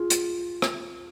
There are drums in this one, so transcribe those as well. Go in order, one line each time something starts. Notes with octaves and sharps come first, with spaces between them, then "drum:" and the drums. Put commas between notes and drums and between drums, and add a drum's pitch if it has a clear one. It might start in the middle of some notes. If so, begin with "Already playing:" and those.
Already playing: F4 G#4
drum: hi-hat
drum: rim click